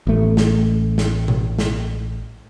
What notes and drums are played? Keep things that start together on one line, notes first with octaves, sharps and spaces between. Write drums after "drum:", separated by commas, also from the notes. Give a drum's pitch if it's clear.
A1 A3
drum: snare
drum: snare
drum: tom B2
drum: snare